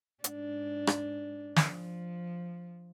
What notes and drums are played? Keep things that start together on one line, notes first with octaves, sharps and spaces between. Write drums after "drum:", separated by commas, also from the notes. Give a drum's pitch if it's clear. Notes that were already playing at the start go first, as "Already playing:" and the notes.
G#2 D4, drum: hi-hat
drum: rim click
F3, drum: snare